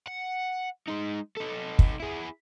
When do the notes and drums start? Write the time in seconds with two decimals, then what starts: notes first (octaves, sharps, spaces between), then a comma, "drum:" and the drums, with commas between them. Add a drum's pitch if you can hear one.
0.07 F#5
0.88 G#3 D#4
1.37 D#4 A4
1.79 drum: kick
2.00 E4 G#4